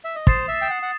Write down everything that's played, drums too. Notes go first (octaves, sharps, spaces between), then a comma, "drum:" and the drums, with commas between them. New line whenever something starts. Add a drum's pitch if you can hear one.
E5
D#5
C5 D#6 A6 C7 E7, drum: kick
E5
G5
F#5
F#5